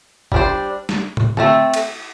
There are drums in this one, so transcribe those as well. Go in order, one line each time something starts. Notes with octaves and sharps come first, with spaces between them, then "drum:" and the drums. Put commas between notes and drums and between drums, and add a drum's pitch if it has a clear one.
G3 D4 C5, drum: kick
drum: snare
drum: tom
A3 C4 A4, drum: tom D3
drum: cymbal